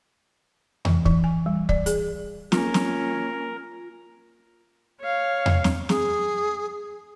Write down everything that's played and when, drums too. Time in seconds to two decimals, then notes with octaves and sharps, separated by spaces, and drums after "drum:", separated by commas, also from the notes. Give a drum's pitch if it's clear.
0.85 E3, drum: tom E2
1.06 E3, drum: kick
1.24 G#5
1.46 G3
1.69 D5, drum: kick
1.86 G#4, drum: hi-hat
2.52 A#3 C#4 F4 A#4, drum: snare
2.74 drum: snare
5.02 C#5 F5
5.46 drum: tom E2
5.64 drum: snare
5.89 G#4, drum: snare